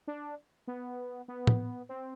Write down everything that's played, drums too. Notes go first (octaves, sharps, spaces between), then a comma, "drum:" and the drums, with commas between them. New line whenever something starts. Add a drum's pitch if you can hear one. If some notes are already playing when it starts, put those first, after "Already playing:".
D4
B3
B3
drum: tom
C4